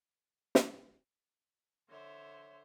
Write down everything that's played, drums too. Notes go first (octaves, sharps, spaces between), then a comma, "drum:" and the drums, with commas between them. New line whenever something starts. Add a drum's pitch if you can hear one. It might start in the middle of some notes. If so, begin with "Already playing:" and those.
drum: snare
D3 C5 C#5 E5